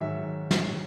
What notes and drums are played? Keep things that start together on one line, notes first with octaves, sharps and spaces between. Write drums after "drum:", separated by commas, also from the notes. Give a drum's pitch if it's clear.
G#2 D#3 F#3 E5
drum: snare